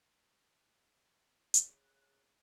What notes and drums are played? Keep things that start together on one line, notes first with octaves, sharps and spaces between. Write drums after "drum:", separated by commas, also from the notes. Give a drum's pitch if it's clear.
C#3 F#6, drum: hi-hat